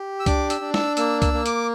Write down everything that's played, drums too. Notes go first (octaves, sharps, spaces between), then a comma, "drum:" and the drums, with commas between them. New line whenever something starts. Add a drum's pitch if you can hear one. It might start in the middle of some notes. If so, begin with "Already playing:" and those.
Already playing: G4
E6
D4 D6, drum: kick C#2, hi-hat
E6, drum: hi-hat
D4
E6, drum: snare
A#3 E6, drum: hi-hat
E6, drum: kick C#2, hi-hat
A#3
D6, drum: hi-hat